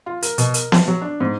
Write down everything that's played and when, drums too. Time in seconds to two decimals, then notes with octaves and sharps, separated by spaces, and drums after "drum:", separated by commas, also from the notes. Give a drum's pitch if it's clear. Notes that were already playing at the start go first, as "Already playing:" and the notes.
0.06 F4
0.22 A#4, drum: hi-hat
0.38 B2, drum: hi-hat
0.54 A#4, drum: hi-hat
0.72 A5, drum: snare B3
0.88 F#3
1.02 D4
1.20 G#2